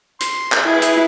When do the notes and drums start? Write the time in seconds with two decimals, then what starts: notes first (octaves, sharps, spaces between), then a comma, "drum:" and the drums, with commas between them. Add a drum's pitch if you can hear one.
0.20 C6, drum: hi-hat
0.52 drum: clap
0.67 E4 G#4 B4
0.82 drum: hi-hat